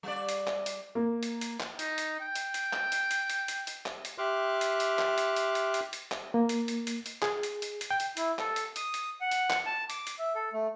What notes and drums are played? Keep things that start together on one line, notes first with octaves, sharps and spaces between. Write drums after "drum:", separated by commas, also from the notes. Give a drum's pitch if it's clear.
G3 D5
drum: hi-hat
drum: clap
drum: hi-hat
A#3
drum: hi-hat
drum: hi-hat
drum: clap
D#4, drum: hi-hat
drum: hi-hat
G5
drum: hi-hat
drum: hi-hat
drum: clap
drum: hi-hat
drum: hi-hat
drum: hi-hat
drum: hi-hat
drum: hi-hat
drum: clap
drum: hi-hat
G4 E5 C6 D6 F6 F#6
drum: hi-hat
drum: hi-hat
drum: clap
drum: hi-hat
drum: hi-hat
drum: hi-hat
drum: hi-hat
drum: hi-hat
drum: clap
A#3
drum: hi-hat
drum: hi-hat
drum: hi-hat
drum: hi-hat
G#4, drum: clap
drum: hi-hat
drum: hi-hat
drum: hi-hat
G5
drum: hi-hat
E4, drum: hi-hat
A4, drum: clap
drum: hi-hat
D#6, drum: hi-hat
drum: hi-hat
F#5
drum: hi-hat
drum: clap
A5
D6, drum: hi-hat
drum: hi-hat
E5
A4
A3